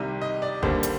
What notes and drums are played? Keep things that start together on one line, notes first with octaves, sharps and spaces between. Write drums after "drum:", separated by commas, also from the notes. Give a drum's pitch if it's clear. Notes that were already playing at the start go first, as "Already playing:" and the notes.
Already playing: C2 C3 D#3 G3 E5
D#5
D5
D#2 D3 G3 A#3 C5, drum: kick
drum: hi-hat